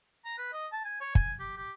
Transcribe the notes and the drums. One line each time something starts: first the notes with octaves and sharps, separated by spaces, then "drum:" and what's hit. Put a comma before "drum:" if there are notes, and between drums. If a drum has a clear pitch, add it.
A#5
B4
D#5
A5
G#5
C#5
G#5, drum: kick
G4
G4